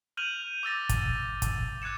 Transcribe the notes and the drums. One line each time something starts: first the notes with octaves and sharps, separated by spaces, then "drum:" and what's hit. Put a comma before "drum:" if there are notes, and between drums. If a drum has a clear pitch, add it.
F6 G6 D#7 F7 F#7
D6 E6 A6 A#6
drum: kick, hi-hat
drum: kick, hi-hat
D6 F#6 G#6 C#7 E7